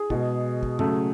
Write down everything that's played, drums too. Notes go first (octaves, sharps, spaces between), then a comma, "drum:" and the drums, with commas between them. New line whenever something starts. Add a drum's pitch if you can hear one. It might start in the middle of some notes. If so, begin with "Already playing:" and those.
Already playing: G#4
B2 G#3, drum: kick
drum: kick
C#3 F#3 A3, drum: tom G2